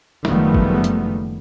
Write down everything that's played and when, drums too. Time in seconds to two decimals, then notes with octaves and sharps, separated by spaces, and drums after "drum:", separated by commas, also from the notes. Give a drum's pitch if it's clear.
0.25 F#1 D#3 F3 G3 A3 B3, drum: snare
0.54 drum: kick G#1
0.84 drum: hi-hat